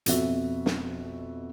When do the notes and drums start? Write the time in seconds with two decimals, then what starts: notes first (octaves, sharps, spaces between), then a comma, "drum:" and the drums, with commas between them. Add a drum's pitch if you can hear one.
0.06 F2 B2 F#4 E5, drum: hi-hat
0.66 drum: snare